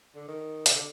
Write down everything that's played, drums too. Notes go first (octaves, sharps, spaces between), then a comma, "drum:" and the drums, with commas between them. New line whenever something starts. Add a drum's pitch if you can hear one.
D3
D#3
C3, drum: hi-hat
D3